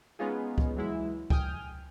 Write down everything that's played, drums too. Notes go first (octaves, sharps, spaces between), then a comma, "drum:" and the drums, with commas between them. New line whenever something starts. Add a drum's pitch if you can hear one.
G#3 B3 C#4 D#4 F4 G#4
drum: kick
E3 F#3 G#3 E4
G5 G#5 D#6 F6 G6, drum: kick